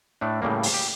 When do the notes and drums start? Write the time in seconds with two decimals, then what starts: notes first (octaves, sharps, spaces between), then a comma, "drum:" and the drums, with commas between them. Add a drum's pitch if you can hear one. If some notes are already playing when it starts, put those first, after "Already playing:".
0.21 A2 A3 D4
0.42 A2 C#3 G3 A#3
0.63 drum: open hi-hat
0.74 G4